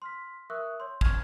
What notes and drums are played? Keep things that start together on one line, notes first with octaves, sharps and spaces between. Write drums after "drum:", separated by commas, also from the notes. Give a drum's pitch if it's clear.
C6 F6 B6
A#4 E5 C#6 D#6 E6 F#6
C#5 C6
C#6 F6 G#6, drum: kick